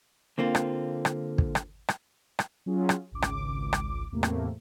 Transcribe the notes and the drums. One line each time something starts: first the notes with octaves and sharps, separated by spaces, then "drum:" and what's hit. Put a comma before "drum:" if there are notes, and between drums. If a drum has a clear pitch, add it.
D3 A#3 C4 F4
drum: rim click
drum: rim click
drum: kick
drum: rim click
drum: rim click
drum: rim click
F#3 C#4 F4 G#4
drum: rim click
G#1 C#2 D6
drum: rim click
drum: rim click
E2 A2 C3 A3 A#3
drum: rim click